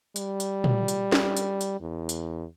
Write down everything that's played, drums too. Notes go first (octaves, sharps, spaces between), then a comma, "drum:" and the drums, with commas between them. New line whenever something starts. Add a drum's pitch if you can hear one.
G3, drum: hi-hat
drum: hi-hat
drum: tom A#2
drum: hi-hat
drum: snare
drum: hi-hat
drum: hi-hat
E2
drum: hi-hat